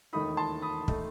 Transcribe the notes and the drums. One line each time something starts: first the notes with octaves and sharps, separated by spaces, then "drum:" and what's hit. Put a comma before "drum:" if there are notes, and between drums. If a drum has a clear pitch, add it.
E1 D#2 D#3 A3 D#4 B5 D#6
A5 C6
B5 D#6
D#3 A3 D#4, drum: kick